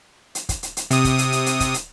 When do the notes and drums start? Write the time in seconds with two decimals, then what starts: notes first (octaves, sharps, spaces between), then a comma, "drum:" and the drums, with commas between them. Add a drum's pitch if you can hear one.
0.35 drum: hi-hat
0.49 drum: kick, hi-hat
0.63 drum: hi-hat
0.77 drum: hi-hat
0.91 C3 D#6, drum: hi-hat
1.05 drum: kick, hi-hat
1.18 drum: hi-hat
1.32 drum: hi-hat
1.46 drum: hi-hat
1.60 drum: kick, hi-hat
1.74 drum: hi-hat